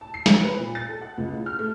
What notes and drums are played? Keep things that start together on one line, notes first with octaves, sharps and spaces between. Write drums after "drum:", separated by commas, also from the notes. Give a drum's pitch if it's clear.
A5
C7
C#7, drum: snare
B4
A#2
A6
A4
F#5
C#2
A2
F6
A3